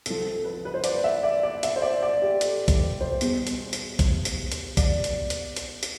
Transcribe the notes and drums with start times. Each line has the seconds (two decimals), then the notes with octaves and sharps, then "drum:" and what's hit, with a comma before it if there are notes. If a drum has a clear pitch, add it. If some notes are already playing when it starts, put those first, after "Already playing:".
0.06 C2 C3 F3 A4, drum: hi-hat
0.25 A4
0.44 B4
0.65 B4
0.74 C5
0.84 D5, drum: hi-hat
1.04 E5
1.23 D5
1.43 D5
1.63 E5, drum: hi-hat
1.76 C5
1.82 D5
2.02 D5
2.22 G4
2.41 A4, drum: hi-hat
2.68 drum: kick B1, hi-hat
2.81 B4
3.01 C5
3.21 E2 B2 G3, drum: hi-hat
3.47 drum: hi-hat
3.73 drum: hi-hat
3.99 drum: kick B1, hi-hat
4.25 drum: hi-hat
4.52 drum: hi-hat
4.77 D5, drum: kick B1, hi-hat
5.04 drum: hi-hat
5.30 drum: hi-hat
5.56 drum: hi-hat
5.83 drum: hi-hat